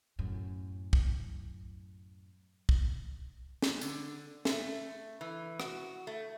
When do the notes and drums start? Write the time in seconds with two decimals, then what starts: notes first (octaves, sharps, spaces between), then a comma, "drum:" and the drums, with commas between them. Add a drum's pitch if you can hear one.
0.19 F#2 A2
0.93 drum: kick
2.69 drum: kick
3.62 drum: snare
3.81 D3, drum: tambourine
4.45 A3, drum: snare
5.21 E3
5.60 F#4, drum: rim click
6.07 A3